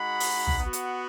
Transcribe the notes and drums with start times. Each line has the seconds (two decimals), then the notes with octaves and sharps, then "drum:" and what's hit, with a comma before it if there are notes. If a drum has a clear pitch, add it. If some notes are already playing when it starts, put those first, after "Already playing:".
Already playing: G#3 D#4 F#4 F#5 B5
0.20 drum: open hi-hat
0.47 drum: tom
0.60 B3 F#4
0.73 drum: hi-hat